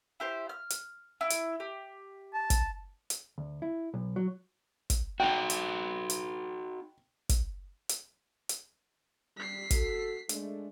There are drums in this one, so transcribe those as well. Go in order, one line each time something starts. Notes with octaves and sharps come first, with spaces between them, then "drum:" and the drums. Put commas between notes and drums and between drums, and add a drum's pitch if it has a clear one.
E4 G4 C5
F6
drum: hi-hat
E4
drum: hi-hat
G4
A5
drum: kick, hi-hat
drum: hi-hat
D2
E4
B1
F#3
drum: kick, hi-hat
D#4 F#4 G5
drum: hi-hat
drum: hi-hat
drum: kick, hi-hat
drum: hi-hat
drum: hi-hat
G3 B6 C7
F#4 A4, drum: kick, hi-hat
G#3 A3 D4, drum: hi-hat